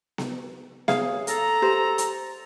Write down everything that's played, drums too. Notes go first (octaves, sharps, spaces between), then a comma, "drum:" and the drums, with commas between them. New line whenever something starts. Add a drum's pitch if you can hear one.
drum: snare B3
G#4 C#5 F5, drum: snare B3
A4 A#5, drum: hi-hat
G4 C5
drum: hi-hat